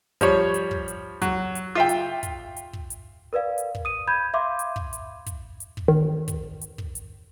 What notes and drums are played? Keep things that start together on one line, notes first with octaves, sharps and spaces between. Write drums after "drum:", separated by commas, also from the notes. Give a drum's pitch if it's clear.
F3 G3 C#5, drum: kick, hi-hat
drum: hi-hat
drum: kick
drum: hi-hat
F#3, drum: kick, hi-hat
drum: hi-hat
F4 E5 G5
drum: hi-hat
drum: kick, hi-hat
drum: hi-hat
drum: kick
drum: hi-hat
A#4 B4 D5 F5
drum: hi-hat
drum: kick
D#6 D#7
B5 G6 G#6
E5 F5 C6 D6
drum: hi-hat
drum: kick
drum: hi-hat
drum: kick, hi-hat
drum: hi-hat
drum: kick
D#3
drum: kick, hi-hat
drum: hi-hat
drum: kick
drum: hi-hat